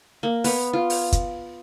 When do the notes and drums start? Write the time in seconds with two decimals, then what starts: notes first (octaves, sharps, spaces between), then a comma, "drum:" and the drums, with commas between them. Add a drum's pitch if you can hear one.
0.23 A#3
0.44 B3, drum: open hi-hat
0.73 F4
0.90 drum: open hi-hat
1.12 drum: kick, hi-hat